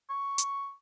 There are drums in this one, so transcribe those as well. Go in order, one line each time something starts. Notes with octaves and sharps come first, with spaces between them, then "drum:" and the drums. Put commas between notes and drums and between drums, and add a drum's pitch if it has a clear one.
C#6
drum: hi-hat